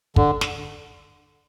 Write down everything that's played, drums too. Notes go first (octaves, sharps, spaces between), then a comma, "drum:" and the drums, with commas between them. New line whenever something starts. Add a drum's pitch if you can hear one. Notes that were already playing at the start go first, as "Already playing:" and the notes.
D3, drum: kick
drum: snare